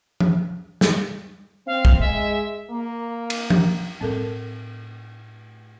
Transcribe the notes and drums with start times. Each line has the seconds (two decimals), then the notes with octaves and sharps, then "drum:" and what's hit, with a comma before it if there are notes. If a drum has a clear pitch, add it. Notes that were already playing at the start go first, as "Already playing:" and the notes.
0.21 drum: tom
0.81 drum: snare
1.67 C4 F5
1.85 drum: kick
1.99 G#3 E5
2.70 A#3
3.30 drum: cymbal
3.50 drum: tom
4.01 A2 A3 C4 A4 A#4